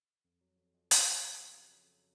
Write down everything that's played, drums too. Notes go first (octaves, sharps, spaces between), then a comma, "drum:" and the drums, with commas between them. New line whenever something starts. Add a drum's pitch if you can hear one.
F2
F#3
F2
F2
C#3, drum: hi-hat
F2
C#3
F#3
F2
F2
F#3